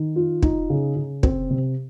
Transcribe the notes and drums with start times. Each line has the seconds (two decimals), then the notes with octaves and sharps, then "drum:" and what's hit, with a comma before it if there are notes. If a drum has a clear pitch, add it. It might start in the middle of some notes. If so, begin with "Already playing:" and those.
Already playing: D#3
0.16 F4
0.43 D#4, drum: kick
0.70 C#3
0.96 C#3
1.23 C4, drum: kick
1.50 C3